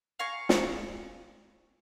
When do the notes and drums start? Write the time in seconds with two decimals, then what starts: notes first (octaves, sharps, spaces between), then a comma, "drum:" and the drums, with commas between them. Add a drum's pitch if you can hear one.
0.19 F5 G#5 A#5 C#6
0.49 drum: snare